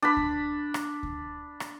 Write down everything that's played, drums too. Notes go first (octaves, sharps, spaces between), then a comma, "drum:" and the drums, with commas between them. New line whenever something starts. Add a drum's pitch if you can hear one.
D4 B5
drum: kick D2
drum: rim click
drum: kick D2
drum: rim click